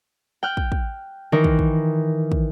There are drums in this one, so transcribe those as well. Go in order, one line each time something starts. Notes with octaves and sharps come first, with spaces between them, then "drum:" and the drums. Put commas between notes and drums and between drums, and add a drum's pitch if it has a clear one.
G5 F6 F#6
drum: kick
drum: kick
D#3 E3 D#4 A#4
drum: kick
drum: kick
drum: kick